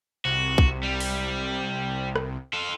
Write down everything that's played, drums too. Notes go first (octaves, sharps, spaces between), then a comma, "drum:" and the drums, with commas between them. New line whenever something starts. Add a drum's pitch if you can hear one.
C2 C3 F#4
drum: kick
G3
drum: open hi-hat
drum: rim click
F4 A4